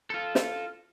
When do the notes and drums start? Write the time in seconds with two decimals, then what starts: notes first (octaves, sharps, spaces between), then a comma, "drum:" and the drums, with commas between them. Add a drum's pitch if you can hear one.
0.10 F4 A4
0.35 drum: snare